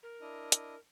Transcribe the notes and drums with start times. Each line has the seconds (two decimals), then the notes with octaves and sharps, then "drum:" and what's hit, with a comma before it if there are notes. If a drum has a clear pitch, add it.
0.03 A#4
0.21 D4 E4 D#5
0.52 drum: hi-hat